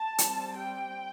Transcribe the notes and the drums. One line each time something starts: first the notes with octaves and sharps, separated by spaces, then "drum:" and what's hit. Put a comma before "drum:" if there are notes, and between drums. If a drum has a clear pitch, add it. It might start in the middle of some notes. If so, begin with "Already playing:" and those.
Already playing: A5
G3 C4, drum: hi-hat
G5